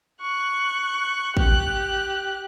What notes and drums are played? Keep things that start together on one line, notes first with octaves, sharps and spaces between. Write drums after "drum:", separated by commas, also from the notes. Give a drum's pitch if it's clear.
C#6 F#6
G4 F#6, drum: kick